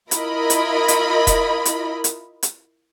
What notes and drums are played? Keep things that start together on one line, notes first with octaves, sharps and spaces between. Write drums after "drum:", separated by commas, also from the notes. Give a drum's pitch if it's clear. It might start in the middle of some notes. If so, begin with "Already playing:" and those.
E4 F4 A#4 D#5 B5, drum: hi-hat
drum: hi-hat
drum: hi-hat
drum: kick E1, hi-hat
drum: hi-hat
drum: hi-hat
drum: hi-hat